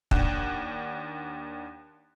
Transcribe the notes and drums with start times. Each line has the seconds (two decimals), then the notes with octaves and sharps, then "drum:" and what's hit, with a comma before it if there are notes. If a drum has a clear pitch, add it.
0.11 D#2 D4 F#5 G5 F#6 E7, drum: kick